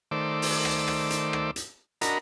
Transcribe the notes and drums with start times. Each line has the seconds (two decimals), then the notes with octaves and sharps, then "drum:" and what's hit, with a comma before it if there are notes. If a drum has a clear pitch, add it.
0.11 D#3 A3 C5 D5 D6 E6
0.42 drum: open hi-hat
0.65 drum: rim click
0.88 drum: rim click
1.10 drum: hi-hat
1.33 drum: rim click
1.56 drum: hi-hat
2.01 D4 F#4 A#4 D#5 A#5 B5, drum: hi-hat